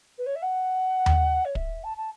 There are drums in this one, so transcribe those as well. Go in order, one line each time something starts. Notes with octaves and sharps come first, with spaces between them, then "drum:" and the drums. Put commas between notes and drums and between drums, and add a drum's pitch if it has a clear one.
B4
C#5
E5
F#5
drum: tom D#2
C#5
E5, drum: kick
A5
A5